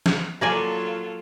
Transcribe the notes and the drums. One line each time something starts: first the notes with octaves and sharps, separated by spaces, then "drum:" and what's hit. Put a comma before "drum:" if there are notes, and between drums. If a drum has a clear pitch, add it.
drum: snare
F#3 A#3 F4 A4 D5 G#5